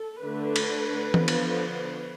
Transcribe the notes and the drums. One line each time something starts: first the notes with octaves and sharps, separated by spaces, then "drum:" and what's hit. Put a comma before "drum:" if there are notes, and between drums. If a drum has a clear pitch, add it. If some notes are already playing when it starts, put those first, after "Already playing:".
Already playing: A4
D3 A3 D4 B4
drum: cymbal
D3 F3 B3, drum: tom E3
drum: cymbal